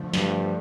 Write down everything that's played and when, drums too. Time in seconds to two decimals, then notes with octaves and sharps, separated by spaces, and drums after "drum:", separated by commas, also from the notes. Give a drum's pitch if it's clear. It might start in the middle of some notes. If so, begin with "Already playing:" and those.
Already playing: D3 F3 A3
0.14 G2, drum: snare